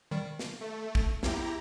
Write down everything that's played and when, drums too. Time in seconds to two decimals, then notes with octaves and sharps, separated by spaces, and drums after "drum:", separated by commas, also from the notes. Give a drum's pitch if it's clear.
0.11 D#3 G3
0.39 drum: snare
0.61 A3
0.95 drum: kick
1.23 B1 E2 E4 G4 A#5, drum: snare